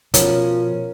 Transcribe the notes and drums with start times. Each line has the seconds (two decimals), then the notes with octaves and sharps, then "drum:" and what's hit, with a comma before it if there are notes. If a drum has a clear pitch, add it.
0.14 B2 F3 C#4 F4 A#4, drum: hi-hat